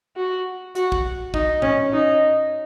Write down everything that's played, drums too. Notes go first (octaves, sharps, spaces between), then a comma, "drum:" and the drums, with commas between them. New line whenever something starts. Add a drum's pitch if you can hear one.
F#4
F#4, drum: hi-hat
drum: kick
D#4, drum: kick
C#4, drum: tom G#2
D#4